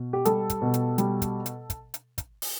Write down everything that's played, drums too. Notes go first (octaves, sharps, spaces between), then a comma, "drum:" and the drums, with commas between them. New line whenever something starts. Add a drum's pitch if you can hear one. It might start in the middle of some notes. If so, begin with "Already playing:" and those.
Already playing: B2
G4
G3 A4, drum: hi-hat
drum: kick, hi-hat
B2
drum: hi-hat
G3, drum: hi-hat
drum: kick, hi-hat
drum: hi-hat
drum: kick, hi-hat
drum: hi-hat
drum: kick, hi-hat
drum: open hi-hat